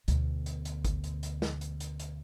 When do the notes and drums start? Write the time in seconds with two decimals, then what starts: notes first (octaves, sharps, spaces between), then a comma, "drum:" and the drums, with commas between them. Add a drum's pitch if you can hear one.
0.08 D2 B2, drum: hi-hat
0.46 drum: hi-hat
0.65 drum: hi-hat
0.85 drum: kick G#1, hi-hat
1.04 drum: hi-hat
1.23 drum: hi-hat
1.42 drum: snare
1.61 drum: hi-hat
1.80 drum: hi-hat
2.00 drum: hi-hat